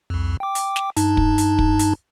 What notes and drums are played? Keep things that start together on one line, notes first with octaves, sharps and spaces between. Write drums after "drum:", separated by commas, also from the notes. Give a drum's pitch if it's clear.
C2 F2
G5 D6
drum: hi-hat
drum: snare
G2 D#4 A5, drum: hi-hat
drum: kick
drum: hi-hat
drum: kick
drum: hi-hat